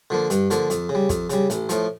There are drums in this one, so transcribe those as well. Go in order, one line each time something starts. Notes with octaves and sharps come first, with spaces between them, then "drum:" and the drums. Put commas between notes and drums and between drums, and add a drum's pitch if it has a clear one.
D3 F3 A#3
G2, drum: hi-hat
D3 F3 A#3, drum: hi-hat
F2, drum: hi-hat
C#3
G3
F2, drum: kick, hi-hat
C#3 G3, drum: hi-hat
A1, drum: hi-hat
A2 F3, drum: hi-hat